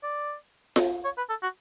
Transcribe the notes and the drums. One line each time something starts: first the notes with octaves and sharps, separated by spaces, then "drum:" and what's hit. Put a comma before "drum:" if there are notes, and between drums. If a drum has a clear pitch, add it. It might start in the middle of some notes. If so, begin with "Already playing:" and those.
D5
drum: snare F4
C#5
B4
A4
F#4